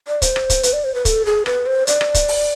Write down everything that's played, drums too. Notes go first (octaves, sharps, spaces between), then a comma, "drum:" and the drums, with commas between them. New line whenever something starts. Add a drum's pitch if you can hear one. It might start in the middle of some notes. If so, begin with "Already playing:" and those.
D5
C5, drum: kick, hi-hat
drum: rim click
drum: kick, hi-hat
B4, drum: hi-hat
D5
C5
B4
A4, drum: kick, hi-hat
G#4
B4, drum: rim click
C5
D5, drum: hi-hat
drum: rim click
drum: kick, hi-hat
drum: open hi-hat